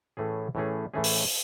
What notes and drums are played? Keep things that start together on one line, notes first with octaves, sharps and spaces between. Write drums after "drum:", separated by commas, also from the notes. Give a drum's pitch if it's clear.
A2 E3 A3 C#4 G#4
A2 E3 A3 C#4 G#4
A2 E3 A3 C#4 G#4
drum: open hi-hat